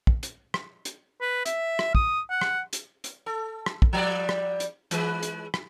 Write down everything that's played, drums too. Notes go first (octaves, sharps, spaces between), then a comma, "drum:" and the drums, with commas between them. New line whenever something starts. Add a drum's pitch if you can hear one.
drum: kick
drum: hi-hat
drum: rim click
drum: hi-hat
B4
E5, drum: hi-hat
drum: rim click
D#6, drum: kick
F#5
drum: rim click
drum: hi-hat
drum: hi-hat
A4
drum: rim click
drum: kick
F3 G3 D5
drum: rim click
drum: hi-hat
E3 G#3 B4, drum: hi-hat
drum: hi-hat
drum: rim click